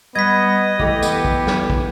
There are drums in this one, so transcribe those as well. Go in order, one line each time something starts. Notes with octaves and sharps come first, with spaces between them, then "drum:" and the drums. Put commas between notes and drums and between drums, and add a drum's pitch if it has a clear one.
G3 B3 D#5 G#6 B6
E3 A3 G4, drum: kick
B3, drum: tambourine
drum: kick
drum: snare
drum: kick